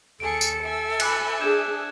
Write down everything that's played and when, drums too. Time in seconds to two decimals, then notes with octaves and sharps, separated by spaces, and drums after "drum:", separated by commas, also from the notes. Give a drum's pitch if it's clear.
0.20 D#2 G#4 A4 C#7 D7
0.41 drum: tambourine
0.63 E5 G#5 E6
1.00 B5 D6 F#6 C#7, drum: cymbal
1.41 D4 G#4 G6 G#6 E7